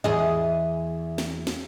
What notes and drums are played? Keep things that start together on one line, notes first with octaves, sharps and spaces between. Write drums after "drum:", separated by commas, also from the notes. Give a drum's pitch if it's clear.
E2 G#4 D#5
drum: snare
drum: snare